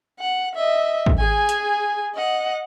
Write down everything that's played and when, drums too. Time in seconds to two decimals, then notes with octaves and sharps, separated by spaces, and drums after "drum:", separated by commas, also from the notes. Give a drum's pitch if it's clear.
0.19 F#5
0.55 D#5 E5
1.06 drum: kick
1.18 G#4 G#5
1.49 drum: hi-hat
2.14 D#5 F#5